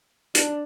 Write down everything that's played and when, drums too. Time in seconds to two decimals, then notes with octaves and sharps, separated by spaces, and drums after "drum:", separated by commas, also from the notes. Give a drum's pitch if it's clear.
0.35 D4, drum: hi-hat